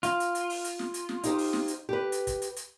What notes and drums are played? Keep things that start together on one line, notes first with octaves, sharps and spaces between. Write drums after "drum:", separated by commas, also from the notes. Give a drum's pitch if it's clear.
F4, drum: hi-hat
drum: hi-hat
drum: hi-hat
drum: open hi-hat
drum: hi-hat
drum: snare
drum: hi-hat
drum: snare
D#4 G4 C5, drum: hi-hat
drum: open hi-hat
drum: snare
drum: hi-hat
G4 B4
drum: hi-hat
drum: kick, hi-hat
drum: hi-hat
drum: hi-hat